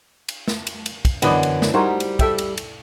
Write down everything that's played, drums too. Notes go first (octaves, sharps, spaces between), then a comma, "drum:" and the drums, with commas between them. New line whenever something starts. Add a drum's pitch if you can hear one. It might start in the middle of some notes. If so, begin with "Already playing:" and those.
drum: cymbal
drum: snare
drum: cymbal
drum: cymbal
drum: kick, cymbal
F#2 D3 E3 B3 D5 D#5, drum: cymbal
drum: cymbal
drum: snare
G3 D#4 F#4 A#4 C5 G#5
drum: cymbal
A4 E5 G5, drum: kick, cymbal
drum: cymbal
drum: cymbal